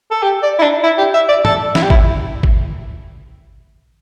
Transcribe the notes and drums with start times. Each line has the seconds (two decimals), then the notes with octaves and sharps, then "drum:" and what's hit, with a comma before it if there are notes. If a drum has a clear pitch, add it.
0.11 A4
0.22 G4
0.43 D5
0.59 E4
0.63 D4
0.83 E4
0.98 G4
1.14 E5
1.29 D5
1.45 A4, drum: tom
1.75 E4, drum: snare
1.82 G4
1.90 E4, drum: kick
2.43 drum: kick